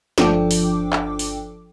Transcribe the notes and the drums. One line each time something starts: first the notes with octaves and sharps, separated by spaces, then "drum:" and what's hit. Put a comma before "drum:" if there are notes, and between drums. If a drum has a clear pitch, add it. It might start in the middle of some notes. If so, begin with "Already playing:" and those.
G1 F3 D4 A4 G5 D6, drum: snare
drum: open hi-hat
drum: clap
drum: open hi-hat